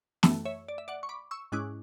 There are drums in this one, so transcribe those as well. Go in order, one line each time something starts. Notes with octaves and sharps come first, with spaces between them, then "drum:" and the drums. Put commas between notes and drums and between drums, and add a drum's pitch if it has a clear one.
F#2 E3 A3 A4, drum: snare
C#5 E5
D5
E5
D5 F#5
C#6
B5 D6
C#6 E6
G#2 G#3 C#4 E4 D6 F#6